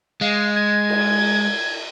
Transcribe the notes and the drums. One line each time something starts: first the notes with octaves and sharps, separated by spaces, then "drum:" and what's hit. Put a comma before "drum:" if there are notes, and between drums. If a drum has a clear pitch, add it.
G#3 F5
G#6
drum: cymbal